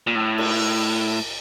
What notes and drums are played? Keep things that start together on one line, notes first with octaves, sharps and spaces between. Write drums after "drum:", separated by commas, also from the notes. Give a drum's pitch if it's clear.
A#2
A2
drum: cymbal